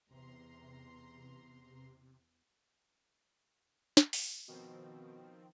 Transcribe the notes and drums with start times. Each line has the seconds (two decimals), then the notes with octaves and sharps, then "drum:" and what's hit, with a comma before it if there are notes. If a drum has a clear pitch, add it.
0.11 E2 C3 A#5 C6
3.97 drum: snare
4.13 drum: open hi-hat
4.48 B2 D#3 F3 C4